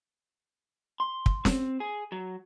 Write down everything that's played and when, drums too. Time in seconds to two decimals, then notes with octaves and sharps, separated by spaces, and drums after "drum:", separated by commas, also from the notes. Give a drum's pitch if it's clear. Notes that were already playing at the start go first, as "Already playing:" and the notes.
1.00 C6
1.26 drum: kick
1.45 C4, drum: snare
1.80 G#4
2.12 F#3